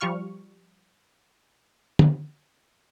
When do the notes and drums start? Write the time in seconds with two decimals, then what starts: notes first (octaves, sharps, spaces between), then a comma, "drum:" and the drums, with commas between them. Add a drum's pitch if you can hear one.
0.01 F3 G3 F4 C#6 F6
1.99 drum: tom